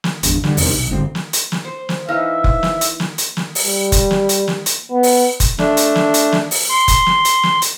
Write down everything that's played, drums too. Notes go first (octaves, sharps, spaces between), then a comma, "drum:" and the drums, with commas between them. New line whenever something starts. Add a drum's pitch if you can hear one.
drum: snare
G1 E2 D4, drum: hi-hat
D3 G3, drum: snare
E2 G2 C3 D#3, drum: open hi-hat
B1
D1 G1 D2 C4
drum: snare
drum: hi-hat
drum: snare
C5
drum: snare
E3 D#4 C5 E5 F5 F6
drum: kick F1
drum: snare
drum: hi-hat
drum: snare
drum: hi-hat
drum: snare
drum: open hi-hat
G3
drum: kick F1, hi-hat
drum: snare
drum: hi-hat
drum: snare
drum: hi-hat
B3
drum: open hi-hat
drum: kick F1, hi-hat
A3 D4, drum: snare
drum: hi-hat
drum: snare
drum: hi-hat
drum: snare
drum: open hi-hat
C6
drum: kick F1, hi-hat
drum: snare
drum: hi-hat
drum: snare
drum: hi-hat